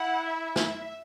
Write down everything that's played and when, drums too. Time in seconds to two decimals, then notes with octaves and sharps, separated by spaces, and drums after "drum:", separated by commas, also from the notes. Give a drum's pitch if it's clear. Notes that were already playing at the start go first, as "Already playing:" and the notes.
Already playing: E4 F#5
0.25 E5
0.56 E5, drum: snare